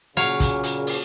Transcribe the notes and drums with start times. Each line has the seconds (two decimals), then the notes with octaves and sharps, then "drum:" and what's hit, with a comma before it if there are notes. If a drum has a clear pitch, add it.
0.17 A#2 C#3 F#3 C#5 F5
0.40 drum: kick, hi-hat
0.63 drum: hi-hat
0.87 drum: open hi-hat